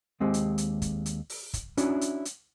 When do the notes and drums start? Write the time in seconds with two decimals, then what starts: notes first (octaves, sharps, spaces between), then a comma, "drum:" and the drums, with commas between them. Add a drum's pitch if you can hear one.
0.20 D#2 G#3 C4 G4
0.34 drum: hi-hat
0.58 drum: hi-hat
0.82 drum: kick, hi-hat
1.06 drum: hi-hat
1.30 drum: open hi-hat
1.53 drum: kick, hi-hat
1.77 C#4 D4 E4 F#4 C#5, drum: hi-hat
2.01 drum: hi-hat
2.25 drum: hi-hat